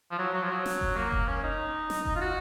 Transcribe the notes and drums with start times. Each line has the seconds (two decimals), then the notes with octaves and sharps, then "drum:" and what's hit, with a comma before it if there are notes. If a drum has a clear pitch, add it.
0.11 F3
0.19 F#3
0.34 F#3
0.43 F3
0.51 F#3
0.66 drum: snare
0.81 drum: kick F1
0.96 A#3
1.12 drum: kick F1
1.28 C#4
1.44 D#4
1.90 drum: snare
2.05 drum: kick F1
2.16 F4
2.21 F#4